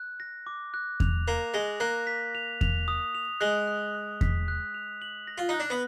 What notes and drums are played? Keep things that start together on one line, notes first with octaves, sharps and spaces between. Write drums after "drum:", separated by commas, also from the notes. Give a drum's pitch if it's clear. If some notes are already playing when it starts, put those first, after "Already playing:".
Already playing: F#6
A#6
D6
F#6
F7, drum: kick E2
A#3 F7
G#3 A#6
A#3 F#6
B6
F7
F7, drum: kick E2
D#6
F7
G#3 F#6
F#6
F#6
B6, drum: kick E2
F#6
F7
F#7
A#6
F4
D#4 F#6
D4
B3